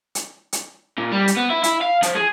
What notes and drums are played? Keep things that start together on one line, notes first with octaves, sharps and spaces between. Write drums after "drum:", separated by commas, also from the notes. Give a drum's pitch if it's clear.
drum: hi-hat
drum: hi-hat
A#2
G3
drum: hi-hat
B3
E4
E4, drum: hi-hat
F5
F3, drum: hi-hat
G#4